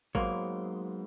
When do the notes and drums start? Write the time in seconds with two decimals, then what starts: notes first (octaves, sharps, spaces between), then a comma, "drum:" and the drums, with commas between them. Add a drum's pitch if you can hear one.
0.15 G#2 F#3 A#3 B3 C#5 C6, drum: kick G#1